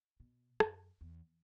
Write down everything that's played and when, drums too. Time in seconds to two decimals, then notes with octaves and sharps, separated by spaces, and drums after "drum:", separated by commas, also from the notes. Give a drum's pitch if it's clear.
0.20 B2
0.60 F#2, drum: rim click
1.01 E2